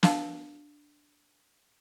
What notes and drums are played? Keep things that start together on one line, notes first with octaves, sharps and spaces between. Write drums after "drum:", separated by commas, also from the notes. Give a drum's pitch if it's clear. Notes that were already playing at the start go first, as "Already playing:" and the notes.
D4 F5 A5, drum: snare